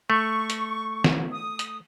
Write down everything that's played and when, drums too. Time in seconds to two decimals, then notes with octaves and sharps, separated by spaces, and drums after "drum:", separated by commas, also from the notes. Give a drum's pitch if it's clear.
0.10 A3 C#6
0.50 drum: hi-hat
1.04 drum: snare
1.32 D#6
1.59 drum: hi-hat